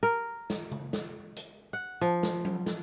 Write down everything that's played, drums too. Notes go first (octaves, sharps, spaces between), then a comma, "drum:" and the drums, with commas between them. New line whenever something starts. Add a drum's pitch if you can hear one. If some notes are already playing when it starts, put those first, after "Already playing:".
A#4
drum: snare
drum: tom C#3
drum: snare
drum: hi-hat
F#5
F3
drum: snare
drum: tom F#3
drum: snare